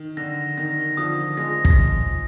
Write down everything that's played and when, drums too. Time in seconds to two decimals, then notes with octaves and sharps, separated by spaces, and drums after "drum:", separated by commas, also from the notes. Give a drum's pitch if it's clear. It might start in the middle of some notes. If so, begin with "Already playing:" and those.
Already playing: D#3
0.17 D3 A#6
0.58 D#3 A#6
0.97 D3 F3 D#6
1.37 F3 G#3 A#6
1.65 drum: kick